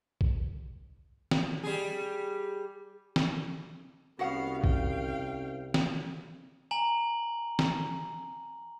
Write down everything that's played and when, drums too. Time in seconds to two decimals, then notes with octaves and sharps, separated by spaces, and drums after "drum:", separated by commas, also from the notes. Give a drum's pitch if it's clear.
0.21 drum: kick
1.31 drum: snare
1.63 G3 G#4
3.16 drum: snare
4.19 C2 B3 C#4 F#4 C5 F5 F#5
4.64 F5 G5, drum: kick
5.74 drum: snare
6.71 G#5 A#5 F#7
7.59 drum: snare